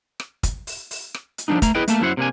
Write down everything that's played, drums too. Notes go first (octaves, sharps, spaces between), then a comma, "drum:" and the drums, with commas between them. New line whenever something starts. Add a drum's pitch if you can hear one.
drum: rim click
drum: kick, hi-hat
drum: open hi-hat
drum: open hi-hat
drum: rim click
drum: hi-hat
F3 G3 A3 D4 D#4
A3 A#5, drum: kick, hi-hat
E4 G#4 B4 D#5 G5
A3 A#3 A5, drum: hi-hat
F#2 E4 F#4 C5 F#5
C3 A#3 D4 G#5